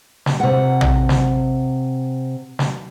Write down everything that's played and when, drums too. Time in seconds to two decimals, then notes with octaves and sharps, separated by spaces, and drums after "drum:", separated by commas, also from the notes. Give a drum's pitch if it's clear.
0.26 drum: snare
0.40 C3 F#5
0.81 drum: tom A#1
1.09 drum: snare
2.59 drum: snare